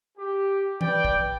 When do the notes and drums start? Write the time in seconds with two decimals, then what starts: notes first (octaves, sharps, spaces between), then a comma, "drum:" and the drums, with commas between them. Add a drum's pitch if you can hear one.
0.18 G4
0.81 B4 D5 G5, drum: tom
1.05 drum: kick